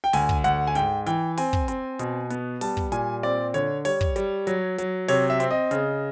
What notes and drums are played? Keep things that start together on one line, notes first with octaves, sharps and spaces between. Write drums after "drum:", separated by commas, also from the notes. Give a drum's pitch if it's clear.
G5
D2 G#5, drum: open hi-hat
drum: kick
D2 F#5, drum: hi-hat
G#5
G#2 G5, drum: hi-hat
E3 G5, drum: hi-hat
C4 G#5, drum: open hi-hat
drum: kick
C4, drum: hi-hat
B2, drum: hi-hat
B3, drum: hi-hat
G3 A5, drum: open hi-hat
drum: kick
A#2 G#5, drum: hi-hat
C4 D5
D3 C#5, drum: hi-hat
G3 C#5, drum: open hi-hat
drum: kick
G3, drum: hi-hat
F#3, drum: hi-hat
F#3, drum: hi-hat
C3 C#5, drum: open hi-hat
E5
C4, drum: hi-hat
D#5
C#3, drum: hi-hat